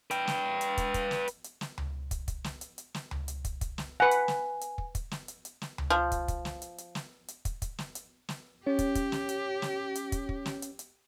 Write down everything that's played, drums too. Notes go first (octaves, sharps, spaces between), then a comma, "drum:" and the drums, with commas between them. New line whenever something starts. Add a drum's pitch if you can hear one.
B4 G5, drum: hi-hat
drum: snare
drum: hi-hat
drum: kick, hi-hat
drum: kick, hi-hat
drum: snare
drum: hi-hat
drum: hi-hat
drum: snare
drum: tom C#2
drum: kick, hi-hat
drum: kick, hi-hat
drum: snare
drum: hi-hat
drum: hi-hat
drum: snare
drum: tom C#2
drum: hi-hat
drum: kick, hi-hat
drum: kick, hi-hat
drum: snare
B4 F#5 G#5
drum: hi-hat
drum: snare
drum: hi-hat
drum: kick
drum: kick, hi-hat
drum: snare
drum: hi-hat
drum: hi-hat
drum: snare
drum: tom C#2
F3
drum: kick, hi-hat
drum: kick, hi-hat
drum: snare
drum: hi-hat
drum: hi-hat
drum: snare
drum: hi-hat
drum: kick, hi-hat
drum: kick, hi-hat
drum: snare
drum: hi-hat
drum: snare
C#4 G4 C#5
drum: kick, hi-hat
drum: kick, hi-hat
drum: snare
drum: hi-hat
drum: snare
drum: hi-hat
drum: kick, hi-hat
drum: kick
drum: snare
drum: hi-hat
drum: hi-hat